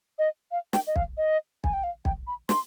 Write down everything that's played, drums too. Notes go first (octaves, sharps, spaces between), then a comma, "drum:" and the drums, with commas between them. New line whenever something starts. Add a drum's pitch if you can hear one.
D#5
F5
G5, drum: snare
D#5
F5, drum: kick B1
D#5
G#5, drum: kick B1
G5
F5
G5, drum: kick B1
B5
C6, drum: snare